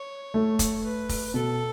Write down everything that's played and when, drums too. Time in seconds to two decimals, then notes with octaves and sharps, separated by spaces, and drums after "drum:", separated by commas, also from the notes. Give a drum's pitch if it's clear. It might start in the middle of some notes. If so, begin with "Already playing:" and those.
Already playing: C#5
0.34 A3
0.59 drum: kick F1, hi-hat
0.84 B4
1.09 drum: kick F1, open hi-hat
1.34 B2 A4